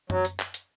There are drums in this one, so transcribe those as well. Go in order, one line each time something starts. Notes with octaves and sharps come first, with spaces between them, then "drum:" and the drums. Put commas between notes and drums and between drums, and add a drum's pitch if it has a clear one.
F#3, drum: tom F#2
drum: hi-hat
drum: clap
drum: hi-hat